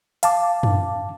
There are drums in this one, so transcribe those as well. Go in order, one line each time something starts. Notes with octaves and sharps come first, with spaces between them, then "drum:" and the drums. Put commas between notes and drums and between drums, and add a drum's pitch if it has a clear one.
F5 A5 D6, drum: hi-hat
drum: tom F#2